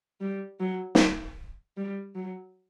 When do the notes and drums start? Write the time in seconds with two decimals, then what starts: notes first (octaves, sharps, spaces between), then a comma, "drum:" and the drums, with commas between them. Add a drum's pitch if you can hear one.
0.21 G3
0.60 F#3
0.95 drum: snare
1.77 G3
2.15 F#3